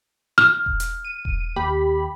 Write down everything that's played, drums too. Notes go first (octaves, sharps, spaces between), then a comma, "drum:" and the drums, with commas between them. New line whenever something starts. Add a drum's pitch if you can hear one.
F6
drum: kick E1
drum: hi-hat
D#7
drum: kick E1
D#2 G4 B5